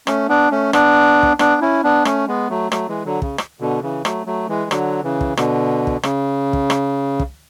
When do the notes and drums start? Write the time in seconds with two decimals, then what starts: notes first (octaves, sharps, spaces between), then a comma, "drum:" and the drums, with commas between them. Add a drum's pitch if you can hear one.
0.07 A3 C#4, drum: rim click
0.28 B3 D4
0.51 A3 C#4
0.73 B3 D4, drum: rim click
1.23 drum: kick
1.39 B3 D4, drum: rim click
1.61 C#4 E4
1.84 B3 D4
2.05 A3 C#4, drum: rim click
2.27 G#3 B3
2.50 F#3 A3
2.72 F#3 A3, drum: rim click
2.88 E3 G#3
3.05 D3 F#3
3.22 C#3, drum: kick
3.38 drum: rim click
3.60 B2 D3
3.82 C#3 E3
4.05 F#3 A3, drum: rim click
4.26 F#3 A3
4.48 E3 G#3
4.71 D3 F#3, drum: rim click
5.04 C#3 E3
5.21 drum: kick
5.37 B2 D3, drum: rim click
5.87 drum: kick
6.03 C#3, drum: rim click
6.53 drum: kick
6.70 drum: rim click
7.19 drum: kick